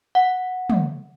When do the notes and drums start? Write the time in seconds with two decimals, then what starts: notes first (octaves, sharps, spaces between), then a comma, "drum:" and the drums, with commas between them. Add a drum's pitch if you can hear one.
0.15 F#5
0.70 drum: tom